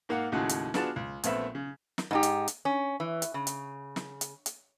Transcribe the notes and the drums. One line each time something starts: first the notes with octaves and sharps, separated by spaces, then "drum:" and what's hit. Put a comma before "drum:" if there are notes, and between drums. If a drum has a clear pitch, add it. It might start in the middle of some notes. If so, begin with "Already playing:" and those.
G#2 A#3 F5 F#5
D#2 A2 C#3 G#3 F#4 F#5
drum: hi-hat
B3 D4 F4 F#4 G#4 A5, drum: snare
C#2
A#1 A3 B3 C4 E5 B5, drum: hi-hat
C#3
drum: snare
G#2 D#4 G4
drum: hi-hat
drum: hi-hat
C#4
E3
drum: hi-hat
C#3
drum: hi-hat
drum: snare
drum: hi-hat
drum: hi-hat